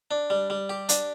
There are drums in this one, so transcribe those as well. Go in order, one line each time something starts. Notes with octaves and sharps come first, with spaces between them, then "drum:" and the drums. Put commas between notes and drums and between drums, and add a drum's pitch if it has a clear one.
D4
G3
G3
G4
D4, drum: hi-hat